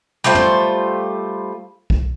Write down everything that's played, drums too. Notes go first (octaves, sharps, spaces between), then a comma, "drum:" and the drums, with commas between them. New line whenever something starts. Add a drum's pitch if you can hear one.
G3 A3 F4 C5
drum: tom
drum: kick B1